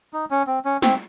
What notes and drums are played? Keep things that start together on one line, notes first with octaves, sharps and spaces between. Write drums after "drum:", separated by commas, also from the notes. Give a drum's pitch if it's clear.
D#4
C#4
C4
C#4
C4, drum: snare